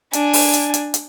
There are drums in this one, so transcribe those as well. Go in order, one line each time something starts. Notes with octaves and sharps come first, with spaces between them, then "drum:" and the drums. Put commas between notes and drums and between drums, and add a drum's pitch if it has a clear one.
D4 G#5, drum: hi-hat
drum: open hi-hat
drum: hi-hat
drum: hi-hat
drum: hi-hat